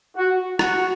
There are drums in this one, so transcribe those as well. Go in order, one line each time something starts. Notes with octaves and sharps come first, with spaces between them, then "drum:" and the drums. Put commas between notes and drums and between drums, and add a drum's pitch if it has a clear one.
F#4
F#4, drum: rim click